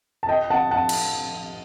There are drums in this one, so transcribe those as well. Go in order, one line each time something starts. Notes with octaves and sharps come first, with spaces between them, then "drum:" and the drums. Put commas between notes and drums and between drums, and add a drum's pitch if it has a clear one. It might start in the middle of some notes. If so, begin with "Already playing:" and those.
A5
D#5 G5
F#5 A5
F#5 A5
drum: cymbal